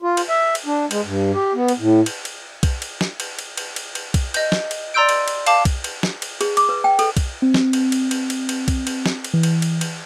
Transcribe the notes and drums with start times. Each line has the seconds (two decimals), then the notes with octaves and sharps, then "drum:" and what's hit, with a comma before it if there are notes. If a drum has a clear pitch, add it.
0.02 F4
0.17 drum: cymbal
0.29 E5
0.55 drum: cymbal
0.66 D4
0.91 G#3, drum: cymbal
1.05 G2
1.34 G4
1.55 B3
1.68 drum: cymbal
1.79 A2
2.06 drum: cymbal
2.25 drum: cymbal
2.63 drum: kick B1, cymbal
2.82 drum: cymbal
3.01 drum: snare
3.20 drum: cymbal
3.39 drum: cymbal
3.57 drum: cymbal
3.76 drum: cymbal
3.95 drum: cymbal
4.14 drum: kick B1, cymbal
4.34 D#5 G6, drum: cymbal
4.52 drum: snare
4.71 drum: cymbal
4.94 D5 A#5 C6 E6 G6 D7
5.09 drum: cymbal
5.28 drum: cymbal
5.46 F5 A5 D6, drum: cymbal
5.65 drum: kick B1, cymbal
5.84 drum: cymbal
6.03 drum: snare
6.22 drum: cymbal
6.41 G#4, drum: cymbal
6.57 D6, drum: cymbal
6.69 B4
6.84 G5
6.99 A4, drum: cymbal
7.17 drum: kick B1, cymbal
7.42 C4
7.54 drum: snare
7.73 drum: cymbal
7.92 drum: cymbal
8.11 drum: cymbal
8.30 drum: cymbal
8.49 drum: cymbal
8.68 drum: kick B1, cymbal
8.87 drum: cymbal
9.06 drum: snare
9.24 drum: cymbal
9.34 E3
9.43 drum: cymbal
9.62 drum: cymbal
9.81 drum: cymbal